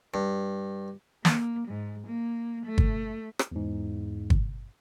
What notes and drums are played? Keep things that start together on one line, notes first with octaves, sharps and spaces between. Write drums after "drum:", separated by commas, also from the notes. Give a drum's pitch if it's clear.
G2
A#3, drum: snare
G#2
A#3
A3
drum: kick
drum: rim click
E2 G#2
drum: kick